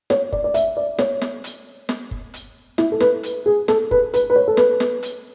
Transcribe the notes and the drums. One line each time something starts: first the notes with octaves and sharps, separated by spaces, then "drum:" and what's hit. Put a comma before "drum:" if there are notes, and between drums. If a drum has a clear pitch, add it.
C#5, drum: snare
D5, drum: kick F#1
D5
E5, drum: hi-hat
D5
C#5, drum: snare
drum: snare
drum: hi-hat
drum: snare
drum: kick F#1
drum: hi-hat
E4, drum: snare
A4
B4, drum: snare
drum: hi-hat
G#4
A4, drum: snare
B4, drum: kick F#1
B4, drum: hi-hat
B4
C#5
A4
B4, drum: snare
drum: snare
drum: hi-hat